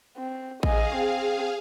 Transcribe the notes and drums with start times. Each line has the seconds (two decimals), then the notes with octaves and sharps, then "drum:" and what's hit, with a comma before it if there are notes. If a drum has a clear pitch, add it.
0.17 C4
0.63 G#4 D#5 F5 G#5, drum: kick A1
0.95 C4